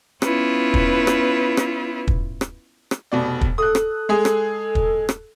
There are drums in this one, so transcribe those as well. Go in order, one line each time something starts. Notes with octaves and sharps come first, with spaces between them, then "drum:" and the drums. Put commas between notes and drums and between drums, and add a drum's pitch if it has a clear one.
B3 C#4 E4 F4 B4, drum: rim click
drum: kick
drum: rim click
drum: rim click
drum: kick
drum: rim click
drum: rim click
F1 B2 D5
drum: kick
A4 D#6 F#6
drum: rim click
G#3 G#4
drum: rim click
drum: kick
drum: rim click